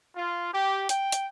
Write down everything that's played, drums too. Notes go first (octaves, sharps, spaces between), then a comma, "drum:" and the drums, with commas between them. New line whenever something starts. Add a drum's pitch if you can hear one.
F4
G4
G5, drum: hi-hat
drum: hi-hat